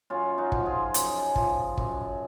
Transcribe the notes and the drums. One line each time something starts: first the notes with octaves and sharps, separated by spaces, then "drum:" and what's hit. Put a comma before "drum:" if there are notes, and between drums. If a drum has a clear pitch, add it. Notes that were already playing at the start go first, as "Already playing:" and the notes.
F#2 C#4 F4
D#4 F#4
F3, drum: kick
F4 G#4
F#2, drum: hi-hat
F3, drum: kick
F#2, drum: kick